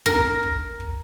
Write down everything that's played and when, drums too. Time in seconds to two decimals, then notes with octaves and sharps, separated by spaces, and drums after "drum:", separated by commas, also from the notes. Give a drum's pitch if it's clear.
0.06 A#4, drum: snare
0.43 drum: kick
0.80 drum: kick